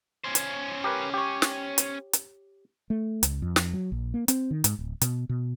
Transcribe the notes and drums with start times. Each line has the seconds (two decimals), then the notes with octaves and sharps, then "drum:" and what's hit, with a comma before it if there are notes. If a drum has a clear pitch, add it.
0.24 C#4 C5
0.35 drum: hi-hat
0.84 G4 A#4 B4
1.14 G4 C#5
1.42 drum: snare
1.78 drum: hi-hat
2.13 drum: hi-hat
2.90 A3
3.23 C#2, drum: hi-hat
3.42 F2
3.56 drum: snare
3.74 F#3
3.92 A#1
4.14 A#3
4.28 C4, drum: hi-hat
4.51 D#3
4.64 G#2, drum: hi-hat
4.79 D1
5.01 B2, drum: hi-hat
5.29 B2